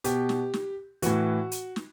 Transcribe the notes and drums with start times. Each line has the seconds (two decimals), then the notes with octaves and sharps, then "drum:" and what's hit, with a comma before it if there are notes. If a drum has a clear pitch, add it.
0.04 B2 G4, drum: hi-hat
0.29 drum: snare
0.54 drum: snare
1.02 A2 E3 F#4, drum: hi-hat
1.52 drum: hi-hat
1.76 drum: snare